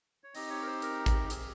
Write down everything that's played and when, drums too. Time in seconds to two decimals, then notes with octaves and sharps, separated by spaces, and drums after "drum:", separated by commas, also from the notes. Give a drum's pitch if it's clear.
0.24 C#5
0.35 C4 D#4 G4 D#5, drum: open hi-hat
0.50 C#5
0.62 A#4
0.67 C5
0.82 A#4, drum: hi-hat
1.06 drum: kick G#1, hi-hat
1.30 C4 G4 G#4, drum: hi-hat